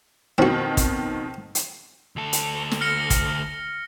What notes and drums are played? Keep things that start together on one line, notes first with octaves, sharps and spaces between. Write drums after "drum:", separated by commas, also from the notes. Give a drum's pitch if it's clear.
F2 B2 D#3 C4 F#4
drum: kick, hi-hat
drum: hi-hat
D2 A4
drum: hi-hat
drum: snare
F6 A#6 C#7
drum: kick, hi-hat